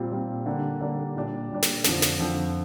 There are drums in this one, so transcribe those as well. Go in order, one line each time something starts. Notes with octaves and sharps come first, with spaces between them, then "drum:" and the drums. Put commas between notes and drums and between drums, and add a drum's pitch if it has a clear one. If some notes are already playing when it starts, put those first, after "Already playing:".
Already playing: A#2 G3 C4 F4
A#2 G3 C4 F4
D3 G3 A#3 D4
D3 G3 A#3 D4
A#2 G3 D4
A#2 G3 D4
drum: snare
F2 D3 F3, drum: snare
drum: snare
F2 D3 F3